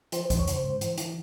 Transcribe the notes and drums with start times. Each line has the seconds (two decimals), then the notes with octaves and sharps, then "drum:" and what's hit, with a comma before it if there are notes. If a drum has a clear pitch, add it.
0.12 F3 C5, drum: hi-hat
0.25 C5
0.30 F2, drum: kick C2, hi-hat
0.39 C#5
0.47 C#3 C5, drum: hi-hat
0.64 G#2
0.81 E3, drum: hi-hat
0.98 E3, drum: hi-hat